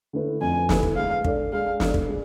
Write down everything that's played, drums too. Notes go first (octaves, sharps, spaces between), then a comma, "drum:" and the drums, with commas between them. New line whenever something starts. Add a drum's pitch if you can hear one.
D3 A3 E4 B4
F2 G#5
D3 A3 E4 B4, drum: snare
drum: kick
G#3 F5
D4 A4 D5, drum: kick
G#3 F5
D4 A4 D5, drum: snare
drum: kick
G#3